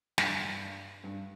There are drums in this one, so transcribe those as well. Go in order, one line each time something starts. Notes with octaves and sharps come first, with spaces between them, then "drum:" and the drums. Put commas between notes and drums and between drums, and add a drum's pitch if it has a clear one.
G2, drum: snare
G2